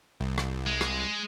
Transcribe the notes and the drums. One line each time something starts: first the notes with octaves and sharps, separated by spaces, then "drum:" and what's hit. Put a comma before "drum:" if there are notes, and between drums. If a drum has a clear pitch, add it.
C2
drum: rim click
G#3
drum: rim click